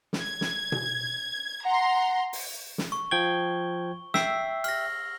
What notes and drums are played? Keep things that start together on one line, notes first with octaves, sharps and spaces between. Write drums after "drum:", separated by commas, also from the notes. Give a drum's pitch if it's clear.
drum: snare
G#6
drum: snare
drum: tom B2
F#5 A#5 C6
drum: open hi-hat
drum: snare
C#6
F3 G5 G#6 G7
E5 G5 E6 C7, drum: snare
F6 A#6, drum: cymbal